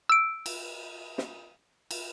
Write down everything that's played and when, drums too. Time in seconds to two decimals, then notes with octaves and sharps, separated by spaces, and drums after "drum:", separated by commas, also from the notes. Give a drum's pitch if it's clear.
0.10 E6 D7
0.46 drum: cymbal
1.18 drum: snare
1.91 drum: cymbal